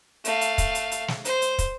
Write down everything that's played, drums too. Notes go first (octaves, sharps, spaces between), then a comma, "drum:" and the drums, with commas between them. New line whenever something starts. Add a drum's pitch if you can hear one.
A3 F5, drum: hi-hat
drum: hi-hat
drum: kick, hi-hat
drum: hi-hat
drum: hi-hat
drum: snare
C5, drum: hi-hat
drum: hi-hat
drum: kick, hi-hat